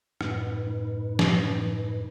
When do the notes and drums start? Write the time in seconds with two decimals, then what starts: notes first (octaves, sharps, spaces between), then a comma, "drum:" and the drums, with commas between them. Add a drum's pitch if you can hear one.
0.21 F#2 A2 D#4 B4, drum: rim click
1.19 drum: snare